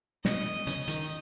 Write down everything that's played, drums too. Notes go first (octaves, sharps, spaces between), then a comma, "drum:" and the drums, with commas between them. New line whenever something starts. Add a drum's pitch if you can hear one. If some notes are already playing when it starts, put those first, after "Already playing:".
B2 D#5, drum: snare
C#3, drum: hi-hat
D#3, drum: hi-hat